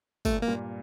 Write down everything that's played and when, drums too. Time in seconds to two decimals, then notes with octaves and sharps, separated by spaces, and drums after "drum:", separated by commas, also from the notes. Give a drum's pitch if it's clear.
0.25 G2 A#2 A3, drum: kick, tambourine
0.42 A#3
0.47 G2 A#2